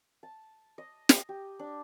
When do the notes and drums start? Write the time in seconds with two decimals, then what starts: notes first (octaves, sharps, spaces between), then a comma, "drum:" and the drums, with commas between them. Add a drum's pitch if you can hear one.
0.23 A5
0.78 D#5
1.09 drum: snare
1.29 G4
1.59 D4